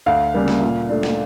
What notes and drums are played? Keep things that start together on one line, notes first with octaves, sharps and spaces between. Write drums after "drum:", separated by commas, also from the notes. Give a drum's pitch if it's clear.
D2 F5
C#3 G3 A#3
drum: snare
A#2
A3 D4
drum: snare